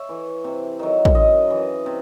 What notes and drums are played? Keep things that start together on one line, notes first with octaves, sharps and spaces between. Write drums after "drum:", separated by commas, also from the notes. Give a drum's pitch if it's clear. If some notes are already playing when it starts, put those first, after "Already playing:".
Already playing: A4 C#5 E5
E3
C3
D#3 F#3
drum: kick
F#2 D#5
E3
C3